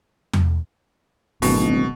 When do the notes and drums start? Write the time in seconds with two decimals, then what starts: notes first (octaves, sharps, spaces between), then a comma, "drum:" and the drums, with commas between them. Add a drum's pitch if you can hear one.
0.33 drum: tom E2
1.42 D1 G#1 B2, drum: open hi-hat